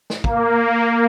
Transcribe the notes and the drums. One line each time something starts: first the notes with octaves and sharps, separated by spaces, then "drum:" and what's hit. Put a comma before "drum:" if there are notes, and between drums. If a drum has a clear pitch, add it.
drum: snare
A#3, drum: kick